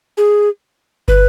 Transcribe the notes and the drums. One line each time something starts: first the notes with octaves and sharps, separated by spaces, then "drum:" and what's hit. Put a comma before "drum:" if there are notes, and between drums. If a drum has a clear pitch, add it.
G#4
B4, drum: kick